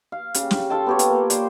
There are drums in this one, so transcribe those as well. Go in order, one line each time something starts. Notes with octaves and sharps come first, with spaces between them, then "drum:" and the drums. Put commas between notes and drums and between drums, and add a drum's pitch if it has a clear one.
F5
C#3 G4, drum: hi-hat
drum: snare
F4 A4 G5 A5
B3 G4 C#5
drum: hi-hat
A#3
C5 D5, drum: hi-hat